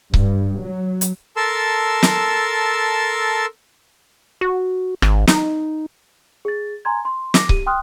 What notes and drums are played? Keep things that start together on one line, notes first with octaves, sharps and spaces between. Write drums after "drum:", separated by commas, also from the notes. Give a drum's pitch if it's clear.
G2, drum: kick C#1
F#3
drum: hi-hat
A4 A#4 A5 C6 E6
drum: snare
F#4
G#1, drum: rim click
D#4, drum: snare
G#4 A6
G#5 A#5 C6 G#6
C6
D6 A#6, drum: snare
G4 D#7, drum: kick C#1
G5 C6 D#6 F6 F#6